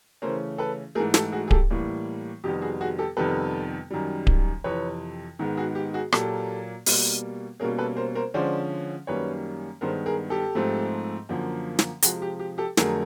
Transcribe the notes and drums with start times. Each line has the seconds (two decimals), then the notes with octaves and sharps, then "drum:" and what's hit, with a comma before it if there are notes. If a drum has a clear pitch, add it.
0.22 C#3 E3 A3 C#4 A#4 C5
0.58 A4 B4
0.95 G#2 E3 A3 G#4 A#4
1.14 G4 A4, drum: snare
1.32 F#4 G#4
1.48 G#4
1.51 G4 A4, drum: kick D1
1.70 A2 E3 G3 A#3
2.44 F2 C3 D#3 G3 B3 G4
2.61 F#4 G#4
2.81 F#4 G#4
2.99 G4 A4
3.17 F2 C3 D#3 G3 B3 A4 B4
3.91 F#2 D#3 G3
4.27 drum: kick D1
4.64 F2 C3 E3 B4 C#5
5.39 G#2 D#3 G#3 B3
5.57 F#4 G#4
5.75 G4
5.94 F#4 G#4
6.12 A#2 F#3 A#3 G4 A4, drum: rim click
6.86 B2 G3 A#3, drum: open hi-hat
7.60 B2 G3 A#3 C#4 G#4 A#4
7.79 A4 B4
7.96 A#4 C5
8.15 A#4 C5
8.34 D3 F3 G#3 C#4 C5 D5
9.07 F#2 D#3 G3 A#3 C#4 B4 C#5
9.81 G2 D#3 G#3 B3 A#4 C5
10.06 G#4 A#4
10.30 G4 A4
10.55 G#2 F3 A3 C4
11.29 F#2 D3 F3 A#3
11.79 drum: snare
12.02 C3 F3 G#3 F#4 G#4, drum: hi-hat
12.22 G4
12.39 G4
12.58 G4 A4
12.77 F2 D3 F#3 A3 G#4 A#4, drum: snare